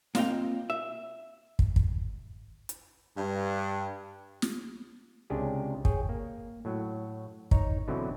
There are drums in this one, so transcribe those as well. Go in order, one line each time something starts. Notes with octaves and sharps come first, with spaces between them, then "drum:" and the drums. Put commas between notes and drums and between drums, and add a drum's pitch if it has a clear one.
A#3 C4 F4 D#5 F5 G5, drum: snare
E5
drum: kick
drum: kick
drum: hi-hat
G2
drum: snare
C#2 C3 C#4 D4 G4 G#4
G#4 C#5 G5, drum: kick
A#3
A2 F#3
D#4 C#5 A#5, drum: kick
B2 D3 E3 F#3 C4 E4